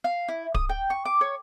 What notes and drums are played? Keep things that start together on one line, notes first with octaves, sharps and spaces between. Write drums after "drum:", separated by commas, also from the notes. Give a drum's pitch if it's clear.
F5
E4
D#6, drum: kick D1
G5
C#6
D6
C#5